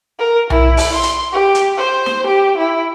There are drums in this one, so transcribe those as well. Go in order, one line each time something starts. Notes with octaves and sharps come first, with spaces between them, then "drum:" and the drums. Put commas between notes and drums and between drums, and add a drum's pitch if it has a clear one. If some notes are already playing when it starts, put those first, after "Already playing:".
A#4
E4, drum: tom B1
drum: open hi-hat
C6
drum: hi-hat
G4
drum: hi-hat
C5
drum: snare
G4
E4